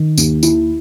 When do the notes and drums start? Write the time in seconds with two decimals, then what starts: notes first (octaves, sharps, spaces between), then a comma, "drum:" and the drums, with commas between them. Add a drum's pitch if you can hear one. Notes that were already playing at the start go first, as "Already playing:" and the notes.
Already playing: D#3
0.18 D#2, drum: tambourine
0.43 E4, drum: tambourine